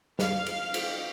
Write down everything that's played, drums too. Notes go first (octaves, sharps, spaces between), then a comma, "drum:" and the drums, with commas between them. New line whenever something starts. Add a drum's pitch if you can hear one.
F5, drum: snare
drum: cymbal
drum: cymbal